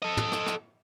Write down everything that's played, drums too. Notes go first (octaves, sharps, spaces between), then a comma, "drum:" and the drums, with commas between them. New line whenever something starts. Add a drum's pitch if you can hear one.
A4 D#5
drum: tom
drum: rim click
drum: rim click